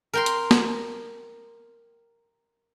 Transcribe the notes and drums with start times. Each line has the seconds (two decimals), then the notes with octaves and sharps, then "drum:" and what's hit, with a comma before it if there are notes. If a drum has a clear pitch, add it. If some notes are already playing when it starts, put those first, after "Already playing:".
0.13 A#4 G5 C6
0.26 drum: hi-hat
0.51 drum: snare